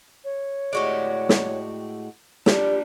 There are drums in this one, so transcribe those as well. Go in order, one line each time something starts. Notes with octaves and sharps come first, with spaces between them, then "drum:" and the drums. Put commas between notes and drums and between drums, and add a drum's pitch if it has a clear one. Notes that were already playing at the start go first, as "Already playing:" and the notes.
C#5
A2 G#3 F#4 G4 D5
drum: snare
G3 D4 F4 G4 A5, drum: snare